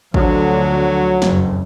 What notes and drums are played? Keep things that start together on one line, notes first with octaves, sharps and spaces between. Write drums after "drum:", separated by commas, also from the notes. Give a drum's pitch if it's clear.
D2 D3 F3 F#3, drum: kick
F#1 F2, drum: snare